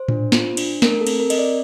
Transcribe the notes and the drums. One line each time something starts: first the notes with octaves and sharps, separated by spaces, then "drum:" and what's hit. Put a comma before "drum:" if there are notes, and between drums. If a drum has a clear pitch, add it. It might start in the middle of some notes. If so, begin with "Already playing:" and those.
Already playing: C5
D4, drum: tom A2
F4, drum: snare
D4, drum: cymbal
A3 A#4, drum: snare
A4
C4, drum: cymbal
A#4
C4 D#5, drum: cymbal
D5